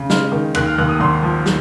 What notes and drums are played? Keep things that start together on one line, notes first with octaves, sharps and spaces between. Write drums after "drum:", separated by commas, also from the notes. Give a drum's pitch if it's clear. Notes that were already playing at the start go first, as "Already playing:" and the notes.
Already playing: C#3
G#3 F6, drum: snare
D#3
D#2 F#6, drum: cymbal
F6
D#2 F#6
D#6
G#1 C6
F3
drum: snare